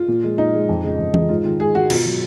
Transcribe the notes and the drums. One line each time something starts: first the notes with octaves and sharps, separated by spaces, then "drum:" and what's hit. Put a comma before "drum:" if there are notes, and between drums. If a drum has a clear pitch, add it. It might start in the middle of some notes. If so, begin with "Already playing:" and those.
Already playing: F4
A#2
F3 G#3
A#2 D#4
F3 G#3
F2
C#3 F3 G#3
F2
C#3 F3 G#3, drum: tom E3
G#2 F4
D#3 G#3 F4
G#2 G#4
D#3 G#3 F#4
B2 F4, drum: cymbal
F#3